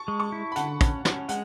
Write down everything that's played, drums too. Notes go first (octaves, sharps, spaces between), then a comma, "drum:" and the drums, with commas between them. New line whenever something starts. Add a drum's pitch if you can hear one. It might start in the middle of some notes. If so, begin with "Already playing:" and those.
Already playing: A5 C#6
G#3
A5 C#6
E4
B5
D3 F#5 A5, drum: hi-hat
C#4, drum: kick, hi-hat
C#4, drum: snare
G#3 F#5, drum: hi-hat